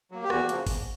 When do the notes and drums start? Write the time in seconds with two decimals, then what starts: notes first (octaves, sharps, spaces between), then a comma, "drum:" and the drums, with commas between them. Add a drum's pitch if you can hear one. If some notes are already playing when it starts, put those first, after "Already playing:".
0.11 F#3 A#3
0.24 G4
0.30 E2 F#4, drum: rim click
0.49 C#3 F3 A#3, drum: hi-hat
0.67 E2, drum: kick G1, open hi-hat